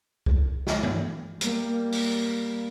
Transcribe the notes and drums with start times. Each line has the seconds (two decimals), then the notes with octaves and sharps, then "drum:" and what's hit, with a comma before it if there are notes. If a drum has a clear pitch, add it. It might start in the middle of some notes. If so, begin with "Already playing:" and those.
0.26 drum: kick C#2
0.67 drum: snare
0.83 drum: tom
1.41 G3 A#3, drum: hi-hat
1.92 drum: open hi-hat